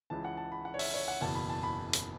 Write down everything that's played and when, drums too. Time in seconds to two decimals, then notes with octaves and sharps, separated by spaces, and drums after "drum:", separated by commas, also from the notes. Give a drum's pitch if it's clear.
0.10 C#2 C#3 E3 A5
0.25 F#5
0.37 A5
0.52 B5
0.65 F#5
0.74 C#5
0.79 E5, drum: open hi-hat
0.94 C#5
1.08 F#5
1.21 F#1 E2 B2 A5
1.35 B5
1.49 A5
1.63 B5
1.93 drum: hi-hat